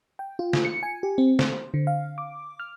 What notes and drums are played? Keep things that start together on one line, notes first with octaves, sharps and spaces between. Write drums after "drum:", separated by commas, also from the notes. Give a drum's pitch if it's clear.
G5
F4
drum: snare
C#7
G#5
G4
C4
C5, drum: snare
D3
F5
D6
F6